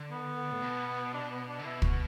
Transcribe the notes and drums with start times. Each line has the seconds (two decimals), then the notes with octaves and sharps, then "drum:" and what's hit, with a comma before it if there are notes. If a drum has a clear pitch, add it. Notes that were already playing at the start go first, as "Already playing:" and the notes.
Already playing: D3
0.11 B3
0.51 A2
0.62 B2
1.14 D4
1.31 B3
1.48 D4
1.59 D3
1.65 B2 E4
1.82 F#4, drum: kick